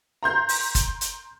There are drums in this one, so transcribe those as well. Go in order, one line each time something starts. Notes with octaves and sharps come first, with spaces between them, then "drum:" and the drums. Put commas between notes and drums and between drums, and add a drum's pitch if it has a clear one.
A#5 C6 G6
drum: open hi-hat
drum: kick, hi-hat
drum: hi-hat